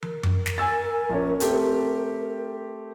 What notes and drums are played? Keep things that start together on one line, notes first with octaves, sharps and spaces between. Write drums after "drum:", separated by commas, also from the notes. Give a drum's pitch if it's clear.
A#4, drum: tom
drum: tom F#2
drum: snare
G#5 E6 A6
A#1 A#2 C#4
A3 C4 G4, drum: hi-hat